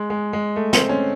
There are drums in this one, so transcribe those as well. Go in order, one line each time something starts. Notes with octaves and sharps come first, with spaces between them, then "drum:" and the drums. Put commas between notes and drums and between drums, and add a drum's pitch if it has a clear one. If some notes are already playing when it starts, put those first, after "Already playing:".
Already playing: G#3
G#3
G#3
A3
C4, drum: snare
C#4